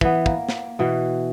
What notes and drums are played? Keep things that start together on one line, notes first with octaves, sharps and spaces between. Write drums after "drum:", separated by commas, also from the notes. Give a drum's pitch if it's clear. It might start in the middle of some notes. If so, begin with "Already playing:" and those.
E3 B3, drum: kick
A#3, drum: kick
drum: snare
B2 E3